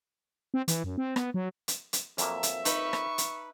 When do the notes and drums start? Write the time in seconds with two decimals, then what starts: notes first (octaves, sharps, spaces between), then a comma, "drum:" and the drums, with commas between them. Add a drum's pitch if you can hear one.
0.54 C4
0.68 E3, drum: hi-hat
0.84 F#2
0.98 C4
1.16 B3, drum: rim click
1.34 F#3
1.68 drum: hi-hat
1.93 drum: hi-hat
2.18 F2 F#3 A#3 E5, drum: hi-hat
2.43 drum: hi-hat
2.65 D#4 B4 B5 C#6, drum: hi-hat
2.93 drum: rim click
3.18 drum: hi-hat